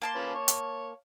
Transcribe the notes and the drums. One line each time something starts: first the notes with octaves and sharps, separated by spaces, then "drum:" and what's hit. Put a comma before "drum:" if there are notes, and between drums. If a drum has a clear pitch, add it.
A#3 A5 C6
C#4 F4 B4
C#5
drum: hi-hat